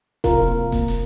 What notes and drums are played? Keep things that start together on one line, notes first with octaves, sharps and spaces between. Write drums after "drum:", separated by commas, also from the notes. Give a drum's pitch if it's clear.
C3 F4 A#4, drum: kick E1, hi-hat
A#3
A#3, drum: kick E1, hi-hat
drum: hi-hat